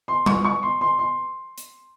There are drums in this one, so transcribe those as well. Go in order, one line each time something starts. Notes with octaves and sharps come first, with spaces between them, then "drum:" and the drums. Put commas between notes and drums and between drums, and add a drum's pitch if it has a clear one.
C6
C#6, drum: tom G3
C#6
C6
C6
C6
drum: hi-hat